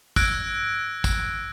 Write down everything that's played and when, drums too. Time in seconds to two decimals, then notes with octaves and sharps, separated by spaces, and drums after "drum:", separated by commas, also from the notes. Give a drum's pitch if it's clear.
0.16 E6 F#6 G#6 A#6 D7, drum: kick, tambourine
1.04 drum: kick, tambourine